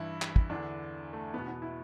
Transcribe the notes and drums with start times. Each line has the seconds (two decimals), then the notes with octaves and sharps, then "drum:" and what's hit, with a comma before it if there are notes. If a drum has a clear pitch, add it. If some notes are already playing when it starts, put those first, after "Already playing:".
Already playing: G2 E3 E4
0.22 drum: clap
0.36 drum: kick
0.49 E2 D3 D4
1.13 A3
1.34 E2 B2 B3
1.48 B3
1.62 E4